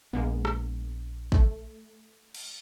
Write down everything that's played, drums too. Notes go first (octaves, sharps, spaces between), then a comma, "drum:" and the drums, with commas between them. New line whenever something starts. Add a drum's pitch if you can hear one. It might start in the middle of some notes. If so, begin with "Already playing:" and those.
A#1 G#3 A#3 B3
drum: rim click
A3, drum: kick
drum: cymbal